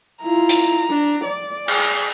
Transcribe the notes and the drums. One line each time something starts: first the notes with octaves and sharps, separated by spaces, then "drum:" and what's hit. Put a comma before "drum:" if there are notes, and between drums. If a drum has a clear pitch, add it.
E4 F4 A#5
drum: hi-hat
D4
D5
G#4, drum: cymbal